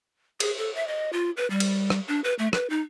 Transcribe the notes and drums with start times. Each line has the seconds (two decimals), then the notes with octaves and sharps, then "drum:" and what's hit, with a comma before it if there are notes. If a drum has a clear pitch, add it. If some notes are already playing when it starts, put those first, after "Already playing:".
0.40 G#4, drum: cymbal
0.58 A4
0.75 E5
0.88 D#5
1.13 F4
1.37 B4
1.50 G3
1.60 drum: cymbal
1.90 drum: rim click
2.08 D4
2.24 B4
2.39 A3
2.53 B4, drum: rim click
2.70 D#4